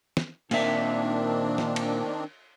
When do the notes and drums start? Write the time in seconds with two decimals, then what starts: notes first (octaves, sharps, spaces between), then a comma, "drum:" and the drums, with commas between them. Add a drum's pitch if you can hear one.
0.17 drum: snare
0.51 A#2 D#3 C4 D4 E5, drum: cymbal
1.58 drum: snare
1.76 drum: cymbal